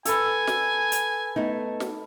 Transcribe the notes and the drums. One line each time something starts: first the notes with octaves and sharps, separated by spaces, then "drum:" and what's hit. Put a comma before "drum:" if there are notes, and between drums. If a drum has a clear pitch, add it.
A4 B4 G#5, drum: hi-hat
drum: snare
drum: hi-hat
A3 B3 D#4
drum: snare